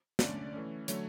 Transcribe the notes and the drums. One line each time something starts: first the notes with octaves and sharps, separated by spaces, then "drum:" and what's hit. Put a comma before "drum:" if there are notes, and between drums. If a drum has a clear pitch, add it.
D3 A3 C#4 D5, drum: snare
E3 A3 C#4
D3 F#3 A3 C#5, drum: hi-hat